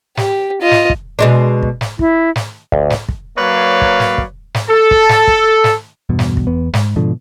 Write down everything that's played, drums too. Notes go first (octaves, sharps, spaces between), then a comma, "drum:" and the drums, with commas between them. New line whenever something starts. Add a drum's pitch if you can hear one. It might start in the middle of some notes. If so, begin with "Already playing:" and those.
G4, drum: snare
F4 D#5
drum: snare
drum: kick
B2 G#3 D4
drum: kick
drum: snare
E4, drum: kick
drum: snare
D2, drum: kick
drum: snare
drum: kick
F#3 A#3 B4 C#5 D5 F5
drum: kick
drum: snare
drum: kick
drum: snare
A4
drum: kick
drum: snare
drum: kick
drum: snare
E2 G2 B2
drum: snare
drum: kick
E2 B3
G#2, drum: snare
G#2 B2 D3 F3